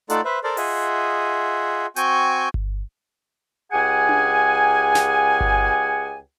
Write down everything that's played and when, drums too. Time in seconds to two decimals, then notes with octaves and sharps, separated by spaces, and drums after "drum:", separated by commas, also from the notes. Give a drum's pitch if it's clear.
0.10 A3 D#4 F4 A4 D5 F#5, drum: hi-hat
0.25 B4 C5 E5
0.44 A4 A#4 C5 D5
0.57 F4 G#4 D#5 E5 F#5, drum: open hi-hat
1.96 C4 F#4 G5 G#5 C#6 G6, drum: hi-hat
2.54 drum: kick G1
3.72 C#2 G4 G#4 F#5 G#5
4.09 drum: tom D4
4.95 drum: snare
5.40 drum: kick G1